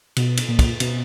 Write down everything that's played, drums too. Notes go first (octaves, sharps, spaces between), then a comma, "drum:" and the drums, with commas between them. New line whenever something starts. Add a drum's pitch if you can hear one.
B2, drum: cymbal
drum: cymbal
A#2
drum: kick, cymbal
B2, drum: cymbal